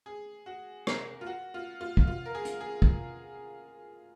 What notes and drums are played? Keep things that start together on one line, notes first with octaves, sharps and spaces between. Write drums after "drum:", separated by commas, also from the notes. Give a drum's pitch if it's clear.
G#4
F#4
A#4, drum: rim click
F4
F#4
F4
F4
drum: kick
F4
A#4
G#4
drum: hi-hat
G#4
drum: kick